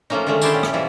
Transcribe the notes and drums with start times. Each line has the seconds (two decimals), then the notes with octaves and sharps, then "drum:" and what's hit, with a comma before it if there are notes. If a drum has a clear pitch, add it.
0.10 F3 F#3 A3 A#3 C#4 D#4
0.27 D3 D#3 G#3 A3 C#4
0.42 D#3 D4 E4 G4 A4 C5, drum: tambourine
0.53 A#2 C#4
0.63 drum: rim click
0.73 B2 E3 F3 G3 G#3